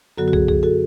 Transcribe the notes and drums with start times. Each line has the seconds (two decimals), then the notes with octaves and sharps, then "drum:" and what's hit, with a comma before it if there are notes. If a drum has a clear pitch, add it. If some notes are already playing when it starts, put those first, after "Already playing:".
0.18 F#2 D3 F#3 B3 F#4 A4
0.28 F#4
0.33 G#4, drum: kick
0.48 G#4, drum: kick
0.63 F#4 A4